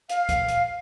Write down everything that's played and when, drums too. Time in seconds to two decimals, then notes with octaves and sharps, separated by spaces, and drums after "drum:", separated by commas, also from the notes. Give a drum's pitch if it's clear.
0.09 F5, drum: hi-hat
0.29 drum: kick, hi-hat
0.48 drum: hi-hat